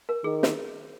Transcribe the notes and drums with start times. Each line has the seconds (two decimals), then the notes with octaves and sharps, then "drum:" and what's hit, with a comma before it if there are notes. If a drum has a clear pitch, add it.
0.09 A#4
0.24 D#3 G#4
0.43 drum: snare